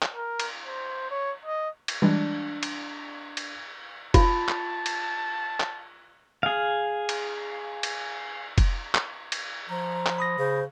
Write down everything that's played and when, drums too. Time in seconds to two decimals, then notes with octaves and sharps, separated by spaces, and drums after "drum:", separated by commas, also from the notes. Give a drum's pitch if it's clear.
0.02 drum: clap
0.14 A#4
0.40 drum: cymbal
0.66 C5
1.11 C#5
1.45 D#5
1.88 drum: cymbal
2.02 E3 G3 G#3 D4
2.63 drum: cymbal
3.37 drum: cymbal
4.14 F4 A5, drum: kick F1, cymbal
4.49 drum: clap
4.86 drum: cymbal
5.60 drum: clap
6.43 G#4 F5
7.09 drum: cymbal
7.83 drum: cymbal
8.58 drum: kick F1, cymbal
8.95 drum: clap
9.32 drum: cymbal
9.69 F3 A#5
10.06 drum: clap
10.18 B5 D#6 A#6
10.38 C#3 C5